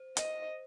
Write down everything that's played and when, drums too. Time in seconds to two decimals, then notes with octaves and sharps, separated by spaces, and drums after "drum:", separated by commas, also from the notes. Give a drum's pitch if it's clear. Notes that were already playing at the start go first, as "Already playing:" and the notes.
Already playing: C5
0.17 D#5, drum: hi-hat